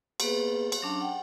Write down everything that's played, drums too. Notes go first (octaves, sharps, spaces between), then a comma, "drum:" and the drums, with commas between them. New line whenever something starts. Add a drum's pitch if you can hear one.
A#3 B3 G#4 B4, drum: cymbal
drum: cymbal
F#3 C#4 D4 A5
F#5 G5